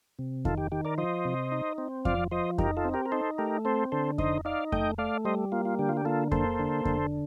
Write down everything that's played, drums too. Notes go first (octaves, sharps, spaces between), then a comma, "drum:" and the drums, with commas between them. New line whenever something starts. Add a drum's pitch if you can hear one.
C3
D#3 F4 A4, drum: kick F2
G4
D#3 G4
A#4 D5
F3 C5 D#5
C3
D#4
C4
F3 D5 F5, drum: kick F2
F3 C5 D#5
D#4 G4 A#4, drum: kick F2
F4 A4
C4
G4 A#4
A#4
D#4 A4 C5
A3 G4 A#4
C4 A4 C5
D3 A4 C5
D#4 C5 D#5, drum: kick F2
D#4 D5 F5
A3 D#5 G5, drum: kick F2
A3 D5 F5
G3 C5 D#5
A#3 F4
F4
D3 G4
F4
G4
A#3 F4 A4
A#3 A4 C5, drum: kick F2
D3
D3, drum: kick F2